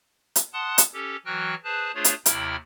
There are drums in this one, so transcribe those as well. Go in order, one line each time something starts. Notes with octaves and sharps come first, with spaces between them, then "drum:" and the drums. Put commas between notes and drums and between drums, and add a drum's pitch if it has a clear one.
drum: hi-hat
F#5 A5 C6 D#6 F#6
drum: hi-hat
C#4 G4 A4
E3 F#3 F#4 G5 F6 F#6
G#4 B4 C5 A5 F#6
A3 D4 F4 G#4 C5 C#5
drum: hi-hat
D#2 C3 E4 G5 B5 F6, drum: hi-hat